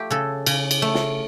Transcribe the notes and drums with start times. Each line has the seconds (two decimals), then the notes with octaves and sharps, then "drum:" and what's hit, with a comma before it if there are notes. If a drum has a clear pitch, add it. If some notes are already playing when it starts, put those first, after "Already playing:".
Already playing: A3 F4 G4
0.10 C#3 A4
0.46 C#3, drum: cymbal
0.71 drum: cymbal
0.82 A3
0.95 drum: snare